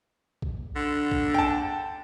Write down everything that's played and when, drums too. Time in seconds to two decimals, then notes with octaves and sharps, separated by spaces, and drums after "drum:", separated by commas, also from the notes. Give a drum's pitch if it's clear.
0.42 drum: kick
0.76 D3
1.11 drum: kick
1.34 G5 A5